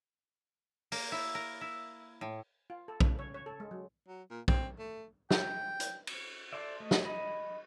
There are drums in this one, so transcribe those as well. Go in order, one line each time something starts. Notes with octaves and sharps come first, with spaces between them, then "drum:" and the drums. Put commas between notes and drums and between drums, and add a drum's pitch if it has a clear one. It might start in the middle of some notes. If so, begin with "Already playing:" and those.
A#3, drum: open hi-hat
E4
A#4
E4
A2
F4
A4
C#3, drum: kick
C#5
C#5
A4
G#3
F#3
F#3
A#2
C4, drum: kick
A3
G5, drum: snare
drum: hi-hat
drum: cymbal
A4 C5 D5 E5
A3 D#5
drum: snare
D#5 B5